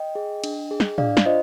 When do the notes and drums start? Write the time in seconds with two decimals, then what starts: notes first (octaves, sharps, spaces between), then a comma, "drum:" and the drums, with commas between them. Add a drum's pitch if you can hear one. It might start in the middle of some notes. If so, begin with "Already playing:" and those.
Already playing: D#5 G5
0.15 G#4
0.44 D4, drum: cymbal
0.71 G#4
0.80 drum: snare
0.98 D4 D5 F5, drum: tom
1.17 drum: snare
1.26 F4 C5 D#5